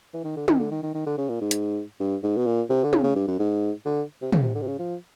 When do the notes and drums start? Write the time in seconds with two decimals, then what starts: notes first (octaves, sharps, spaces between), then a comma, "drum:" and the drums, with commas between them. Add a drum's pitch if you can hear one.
0.14 E3
0.24 D#3
0.36 D3
0.48 D#3, drum: tom
0.59 D3
0.71 D#3
0.83 D#3
0.94 D#3
1.06 D3
1.18 C#3
1.29 A#2
1.41 G#2
1.51 drum: hi-hat
2.00 G2
2.23 G#2
2.37 B2
2.46 A#2
2.70 C3
2.84 D3
2.93 C#3, drum: tom
3.04 C#3
3.16 G2
3.28 F#2
3.39 G#2
3.86 D3
4.22 C3
4.32 C#3, drum: tom
4.43 C3
4.55 D3
4.62 C3
4.67 C#3
4.79 F3